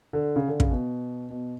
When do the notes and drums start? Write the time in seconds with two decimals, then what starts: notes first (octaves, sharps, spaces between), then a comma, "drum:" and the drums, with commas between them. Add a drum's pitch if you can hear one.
0.13 D3
0.36 C#3
0.48 D3
0.60 C#3, drum: kick
0.71 B2
1.30 B2